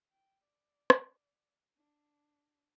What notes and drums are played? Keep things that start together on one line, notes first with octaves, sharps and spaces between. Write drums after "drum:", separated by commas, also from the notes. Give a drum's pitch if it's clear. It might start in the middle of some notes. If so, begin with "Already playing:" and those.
G5
D5
drum: rim click
D4